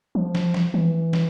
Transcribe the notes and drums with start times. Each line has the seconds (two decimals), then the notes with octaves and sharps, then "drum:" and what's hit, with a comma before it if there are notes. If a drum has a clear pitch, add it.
0.15 F3
0.35 drum: snare
0.54 drum: snare
0.74 E3
1.13 drum: snare